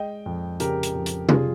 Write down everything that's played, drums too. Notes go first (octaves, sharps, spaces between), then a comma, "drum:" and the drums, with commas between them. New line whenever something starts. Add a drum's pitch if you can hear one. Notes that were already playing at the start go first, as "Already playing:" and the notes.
Already playing: G#3 D#5 G5
F2
C#3 G4 A#4, drum: hi-hat
drum: hi-hat
F2
drum: hi-hat
G3 F4 G#4, drum: tom C3